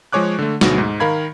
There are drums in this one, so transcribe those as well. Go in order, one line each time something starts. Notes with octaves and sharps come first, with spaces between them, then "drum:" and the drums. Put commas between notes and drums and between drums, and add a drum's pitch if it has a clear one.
F3 G#3 G#4 C#5 D6 F#6
D3 A3
D2 B2 F#3, drum: snare
G#2
D#3 A#4 F5 B5 G#6